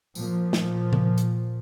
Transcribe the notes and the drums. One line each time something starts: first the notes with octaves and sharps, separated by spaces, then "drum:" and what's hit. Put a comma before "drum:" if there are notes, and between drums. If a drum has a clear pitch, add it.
A#2 F3, drum: tambourine
drum: snare
drum: tom C#3
drum: hi-hat